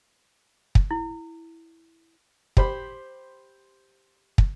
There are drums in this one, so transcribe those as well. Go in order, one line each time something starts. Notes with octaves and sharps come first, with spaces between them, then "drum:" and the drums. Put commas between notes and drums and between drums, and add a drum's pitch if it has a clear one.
drum: kick
E4
G4 C5 B5, drum: kick
drum: kick